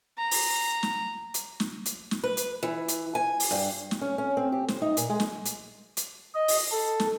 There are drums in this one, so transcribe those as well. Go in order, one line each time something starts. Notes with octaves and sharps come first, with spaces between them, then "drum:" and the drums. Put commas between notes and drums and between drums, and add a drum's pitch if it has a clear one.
A#5
drum: open hi-hat
drum: snare
drum: hi-hat
drum: snare
drum: hi-hat
drum: snare
B4
drum: hi-hat
E3
drum: hi-hat
G#5
drum: open hi-hat
G2
drum: snare
C#4
C#4
C4
G4
C5, drum: snare
D#4
A#2, drum: hi-hat
G#3
drum: snare
drum: hi-hat
drum: hi-hat
D#5
drum: open hi-hat
A4
drum: snare